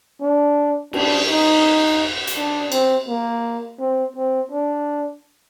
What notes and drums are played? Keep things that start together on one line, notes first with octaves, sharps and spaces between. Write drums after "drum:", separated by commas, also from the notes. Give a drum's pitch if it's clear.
D4
D4, drum: cymbal
D#4
drum: hi-hat
D4
C4, drum: cymbal
A#3
C4
C4
D4